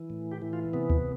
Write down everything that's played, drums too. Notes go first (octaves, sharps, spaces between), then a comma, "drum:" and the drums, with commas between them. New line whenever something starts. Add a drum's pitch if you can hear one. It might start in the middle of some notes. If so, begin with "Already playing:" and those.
Already playing: E3
A2
G4
E3
F4
C3 B3
drum: kick D2